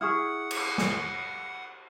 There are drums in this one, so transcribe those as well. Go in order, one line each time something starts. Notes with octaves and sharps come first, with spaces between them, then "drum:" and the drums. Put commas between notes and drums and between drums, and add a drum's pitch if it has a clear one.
E4 G#4 F#5 C#6 D#6 F6
drum: cymbal
drum: snare